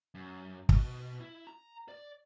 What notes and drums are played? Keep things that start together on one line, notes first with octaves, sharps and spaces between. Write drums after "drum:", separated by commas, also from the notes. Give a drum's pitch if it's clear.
F#2
B2, drum: kick
E4
A#5
D5